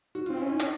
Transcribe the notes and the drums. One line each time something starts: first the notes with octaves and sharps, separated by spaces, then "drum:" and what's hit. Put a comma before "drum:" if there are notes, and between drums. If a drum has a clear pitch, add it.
F#4
C4 F4
C#4 E4
D#4
D4, drum: hi-hat